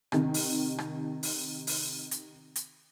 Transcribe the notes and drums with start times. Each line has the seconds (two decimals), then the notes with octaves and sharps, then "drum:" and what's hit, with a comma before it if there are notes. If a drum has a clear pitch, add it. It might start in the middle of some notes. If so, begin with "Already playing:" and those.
0.12 C3 D#3, drum: rim click
0.34 drum: open hi-hat
0.78 drum: rim click
1.23 drum: open hi-hat
1.67 drum: open hi-hat
2.11 drum: hi-hat
2.56 drum: hi-hat